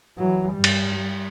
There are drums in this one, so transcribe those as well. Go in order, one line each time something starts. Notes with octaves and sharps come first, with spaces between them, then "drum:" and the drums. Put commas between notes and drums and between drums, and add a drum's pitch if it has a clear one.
E3 F#3
G2 G3
drum: cymbal
G3